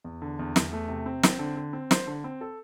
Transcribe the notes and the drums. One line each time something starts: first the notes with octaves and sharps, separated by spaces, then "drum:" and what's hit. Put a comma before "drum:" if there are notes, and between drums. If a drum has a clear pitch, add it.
E2
D3
E2
E2, drum: snare
A3
C3
C4
C4, drum: snare
D3
D3
C4
C5, drum: snare
D3
C4
A4